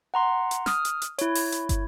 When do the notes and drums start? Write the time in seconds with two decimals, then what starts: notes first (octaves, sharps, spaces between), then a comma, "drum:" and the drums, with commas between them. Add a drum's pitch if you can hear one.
0.14 F#5 A#5 C6
0.51 drum: hi-hat
0.66 D#6 F6, drum: snare
0.85 drum: hi-hat
1.02 drum: hi-hat
1.18 E4 C#5, drum: hi-hat
1.35 drum: open hi-hat
1.52 drum: hi-hat
1.69 drum: kick, hi-hat